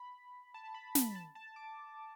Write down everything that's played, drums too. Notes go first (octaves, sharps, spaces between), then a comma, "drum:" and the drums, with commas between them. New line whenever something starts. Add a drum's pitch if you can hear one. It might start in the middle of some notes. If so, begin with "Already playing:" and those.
Already playing: B5
A5
A5
B5
B5, drum: snare
A5
A5
D6